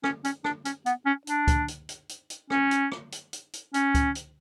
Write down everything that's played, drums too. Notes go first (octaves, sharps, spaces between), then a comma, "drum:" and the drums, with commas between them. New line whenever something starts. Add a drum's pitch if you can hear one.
C#4, drum: rim click
C#4, drum: hi-hat
D4, drum: rim click
C#4, drum: hi-hat
B3, drum: hi-hat
C#4
D4, drum: hi-hat
drum: kick C#2, hi-hat
drum: hi-hat
drum: hi-hat
drum: hi-hat
drum: hi-hat
C#4, drum: rim click
drum: hi-hat
drum: rim click
drum: hi-hat
drum: hi-hat
drum: hi-hat
C#4, drum: hi-hat
drum: kick C#2, hi-hat
drum: hi-hat